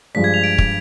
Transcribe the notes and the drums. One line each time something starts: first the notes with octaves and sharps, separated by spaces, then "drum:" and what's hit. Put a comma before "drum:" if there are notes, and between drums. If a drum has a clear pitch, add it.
G2 F3 G#3 D4 B6
G#6
F7
D7
drum: kick